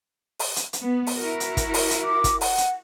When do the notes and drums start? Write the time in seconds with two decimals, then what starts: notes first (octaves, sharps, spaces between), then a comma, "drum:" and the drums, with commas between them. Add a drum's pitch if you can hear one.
0.39 drum: open hi-hat
0.56 drum: hi-hat
0.73 drum: hi-hat
0.82 B3
1.07 drum: open hi-hat
1.16 E4 F#4 A#4
1.40 drum: hi-hat
1.57 drum: kick, hi-hat
1.74 drum: open hi-hat
1.90 drum: hi-hat
2.04 D6
2.24 drum: kick, hi-hat
2.41 F#5, drum: open hi-hat
2.58 drum: hi-hat